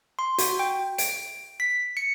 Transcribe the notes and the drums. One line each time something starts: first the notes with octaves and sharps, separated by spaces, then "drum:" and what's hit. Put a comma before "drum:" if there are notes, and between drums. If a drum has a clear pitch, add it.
C6
F#4, drum: hi-hat
G5
D7, drum: hi-hat
B6
C#7